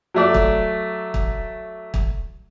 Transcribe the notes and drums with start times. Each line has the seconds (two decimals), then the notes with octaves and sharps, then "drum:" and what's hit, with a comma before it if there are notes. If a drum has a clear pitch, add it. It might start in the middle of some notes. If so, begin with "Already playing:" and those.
0.14 F#3 A3 D5
0.34 drum: kick
1.14 drum: kick
1.94 drum: kick